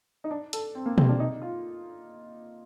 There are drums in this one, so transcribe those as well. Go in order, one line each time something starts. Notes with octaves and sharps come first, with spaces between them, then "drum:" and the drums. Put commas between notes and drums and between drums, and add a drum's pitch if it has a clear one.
D#4
D4
A4, drum: hi-hat
C4
A#3
C4, drum: tom B2
D4
D#4
F4